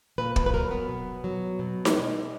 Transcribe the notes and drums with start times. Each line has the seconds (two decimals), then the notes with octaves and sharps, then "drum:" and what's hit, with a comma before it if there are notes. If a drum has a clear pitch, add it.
0.18 A#2 B4
0.36 B4, drum: kick
0.46 B4
0.54 F#3 A#4
0.71 B3
0.89 B2
1.24 F#3
1.59 B2
1.85 drum: snare D#4
1.94 G#3